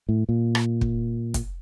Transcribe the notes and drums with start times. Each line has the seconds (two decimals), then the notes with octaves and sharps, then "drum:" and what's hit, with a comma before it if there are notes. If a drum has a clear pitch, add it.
0.09 A2
0.29 A#2
0.55 drum: rim click
0.81 drum: kick
1.34 drum: kick, hi-hat